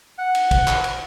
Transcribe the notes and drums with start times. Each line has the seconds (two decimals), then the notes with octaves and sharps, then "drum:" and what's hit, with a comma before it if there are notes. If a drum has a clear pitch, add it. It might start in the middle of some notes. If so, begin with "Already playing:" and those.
0.18 F#5
0.35 drum: cymbal
0.51 drum: kick, cymbal
0.68 drum: clap
0.84 drum: cymbal